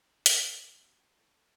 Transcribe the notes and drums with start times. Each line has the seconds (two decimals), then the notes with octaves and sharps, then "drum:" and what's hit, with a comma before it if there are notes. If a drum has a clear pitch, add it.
0.05 D4
0.26 drum: hi-hat
0.59 E4
0.73 G4
0.86 F#4
1.00 G4
1.14 A4
1.32 A4